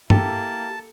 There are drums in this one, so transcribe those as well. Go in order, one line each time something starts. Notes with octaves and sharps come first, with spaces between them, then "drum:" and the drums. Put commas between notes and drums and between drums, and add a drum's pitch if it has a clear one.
A#3 E4 G4 A4 A5, drum: tom